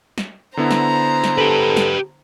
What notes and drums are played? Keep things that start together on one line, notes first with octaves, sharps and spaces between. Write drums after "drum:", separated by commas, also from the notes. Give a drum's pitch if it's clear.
drum: snare
D3 B3 E4 C5 A#5
drum: snare
drum: snare
G4 A4 B4
drum: snare